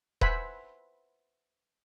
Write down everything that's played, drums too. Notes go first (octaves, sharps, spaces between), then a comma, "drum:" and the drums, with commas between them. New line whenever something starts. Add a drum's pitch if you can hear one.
B4 C5 E5 F#5 G#5 B5, drum: kick D#1